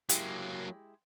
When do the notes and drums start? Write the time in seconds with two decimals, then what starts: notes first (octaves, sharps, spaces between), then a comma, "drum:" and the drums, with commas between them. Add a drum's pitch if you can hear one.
0.09 F#3 G#3 A#3 E4 G4, drum: hi-hat